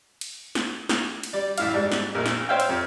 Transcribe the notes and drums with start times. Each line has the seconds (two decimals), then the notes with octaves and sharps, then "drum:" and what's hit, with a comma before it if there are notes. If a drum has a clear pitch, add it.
0.21 drum: cymbal
0.55 drum: snare
0.89 drum: snare
1.23 drum: cymbal
1.33 G3 D5
1.58 A1 E4 F5, drum: cymbal
1.73 G#2 G3
1.92 drum: snare
2.15 A#1 A#4
2.26 drum: snare
2.49 C5 C#5 E5 F5 G5
2.60 drum: cymbal
2.69 F2